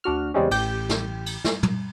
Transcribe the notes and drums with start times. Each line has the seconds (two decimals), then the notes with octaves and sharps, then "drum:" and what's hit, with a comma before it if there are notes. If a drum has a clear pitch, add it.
0.04 D2 D4 F#4 F6
0.34 E2 C#3 G3 G#3 C4 C#4
0.51 A1 G4 G5 G6, drum: cymbal
0.89 drum: snare
1.26 drum: cymbal
1.45 drum: snare
1.63 drum: tom